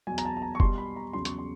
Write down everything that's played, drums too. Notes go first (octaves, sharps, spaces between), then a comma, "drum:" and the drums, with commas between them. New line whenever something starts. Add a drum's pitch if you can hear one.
E2 B2 F#3 G#5
A#5, drum: hi-hat
A5
A5
A#5
C#6
B2 G3 C6, drum: kick F#1
B5
A#5
E2 C#3 F#3 C6
C#6, drum: hi-hat
C6